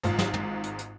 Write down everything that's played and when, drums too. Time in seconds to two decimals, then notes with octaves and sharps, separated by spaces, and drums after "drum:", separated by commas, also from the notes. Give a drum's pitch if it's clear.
0.04 G#1 G#2 F4, drum: hi-hat
0.19 drum: snare
0.34 drum: tom
0.64 drum: hi-hat
0.79 drum: hi-hat